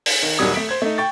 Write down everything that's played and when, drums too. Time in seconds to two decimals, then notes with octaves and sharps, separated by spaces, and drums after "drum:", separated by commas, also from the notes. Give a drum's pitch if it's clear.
0.06 drum: open hi-hat
0.23 D#3
0.38 D#1 D#3 F#3 G3 D#6 G#6
0.54 A3 B6 D7
0.69 C5 G#6
0.82 A3 D#4
0.98 G5 C#6 A6